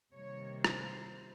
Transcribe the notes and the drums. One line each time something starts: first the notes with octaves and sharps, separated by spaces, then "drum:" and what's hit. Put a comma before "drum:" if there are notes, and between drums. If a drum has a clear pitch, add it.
C3 D#3 G3 A#3 C#5
C5, drum: rim click